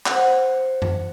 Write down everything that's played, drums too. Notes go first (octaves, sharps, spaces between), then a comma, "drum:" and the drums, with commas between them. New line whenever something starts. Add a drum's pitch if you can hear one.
C5 F#5, drum: clap
drum: tom F#2